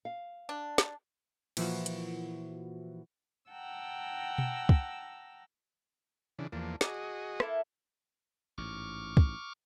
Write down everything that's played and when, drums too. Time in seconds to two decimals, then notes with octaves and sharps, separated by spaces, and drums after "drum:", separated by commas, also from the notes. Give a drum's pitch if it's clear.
0.05 F5
0.49 D4
0.78 drum: snare
1.57 A#2 E3 F3 E4 F#4, drum: cymbal
1.86 drum: hi-hat
3.51 F#5 G5 A5 A#5 E6
4.38 drum: tom B2
4.69 drum: kick
6.39 C#3 E3 D4
6.52 E2 F3 A#3 D4
6.81 F#4 G#4 D#5 D6, drum: snare
7.40 A#3 E4 A4, drum: rim click
8.58 A1 G#2 C#6 D6 F6
9.17 drum: kick